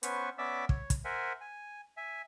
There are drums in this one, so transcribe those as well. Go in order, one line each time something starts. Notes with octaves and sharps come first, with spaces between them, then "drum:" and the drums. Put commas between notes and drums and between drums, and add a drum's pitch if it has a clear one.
B3 C#4 B4 C5 C#6, drum: hi-hat
B3 C#4 D5 E5 D6 E6
C#5, drum: kick
drum: kick, hi-hat
A#4 C5 E5 F#5 G#5
G#5
E5 G#5